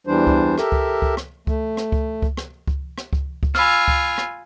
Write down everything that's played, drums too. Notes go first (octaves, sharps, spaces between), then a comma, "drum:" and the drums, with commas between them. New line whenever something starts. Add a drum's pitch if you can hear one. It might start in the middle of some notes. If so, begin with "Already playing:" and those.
E2 E3 G3 D4 C5
drum: kick C#2
G4 A4 A#4 E5, drum: rim click
drum: kick C#2
drum: kick C#2
drum: rim click
A3, drum: kick C#2
drum: rim click
drum: kick C#2
drum: kick C#2
drum: rim click
drum: kick C#2
drum: rim click
drum: kick C#2
drum: kick C#2
F4 G#5 B5 E6 F6, drum: rim click
drum: kick C#2
drum: rim click